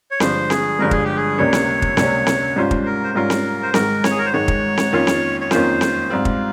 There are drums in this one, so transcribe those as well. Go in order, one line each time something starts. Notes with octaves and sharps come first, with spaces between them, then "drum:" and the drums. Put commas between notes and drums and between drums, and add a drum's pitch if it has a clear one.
C#5
G1 G2 F3 G#3 C5, drum: snare C4
G#4, drum: snare C4
G1 G2 F3 G#3 A#4
G#4, drum: kick
G4
G#4
C#2 C3 G3 A#3 C#4 C#5
drum: snare C4
drum: kick
C#2 C3 G3 A#3 C#4, drum: snare C4
drum: snare C4
G#2 G3 C#4 F4 C5
drum: kick
A#4
C5
G#2 G3 C#4 F4 A#4
drum: snare C4
C5
G#2 D#3 G#3 D#4 A#4, drum: snare C4
C#5, drum: snare C4
G#4
A#4
C5
G#2 D#3 G#3 D#4 C#5
drum: kick
drum: snare C4
F2 D#3 A#3 C#4 F4
drum: snare C4
C#5
F2 D#3 A#3 C#4 F4 C5, drum: snare C4
drum: snare C4
G#2 G3 C4 F4
drum: kick